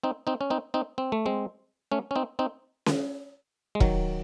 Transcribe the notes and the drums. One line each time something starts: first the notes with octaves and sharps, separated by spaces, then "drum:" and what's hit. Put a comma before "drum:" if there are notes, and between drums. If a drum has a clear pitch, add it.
C4 D#4
C4 D#4
C#4
C4 D#4
C4 D#4
C4
A3
G#3 C4
A3 C#4
C#4
C4 D#4
C4 D#4
drum: snare C#4
G#3
D#3 F#3, drum: kick E1